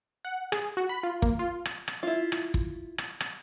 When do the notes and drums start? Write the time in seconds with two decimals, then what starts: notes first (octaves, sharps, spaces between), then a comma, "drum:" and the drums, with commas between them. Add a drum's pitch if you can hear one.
0.25 F#5
0.52 G#4, drum: rim click
0.77 F#4
0.89 B5
1.03 F4
1.22 A#3, drum: kick
1.39 F4
1.65 drum: rim click
1.88 drum: rim click
2.03 E4 F4
2.32 drum: rim click
2.54 drum: kick
2.98 drum: rim click
3.20 drum: rim click